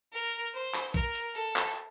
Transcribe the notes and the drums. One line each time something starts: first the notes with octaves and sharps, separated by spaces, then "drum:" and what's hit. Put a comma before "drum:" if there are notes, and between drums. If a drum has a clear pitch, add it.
A#4
C5
drum: clap
A#4, drum: kick, hi-hat
drum: hi-hat
A4, drum: hi-hat
drum: clap